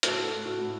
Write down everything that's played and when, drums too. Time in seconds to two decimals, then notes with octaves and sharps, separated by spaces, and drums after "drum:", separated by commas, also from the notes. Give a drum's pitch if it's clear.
0.03 A2 F#4 A4, drum: hi-hat
0.31 A2
0.45 F#4
0.60 A2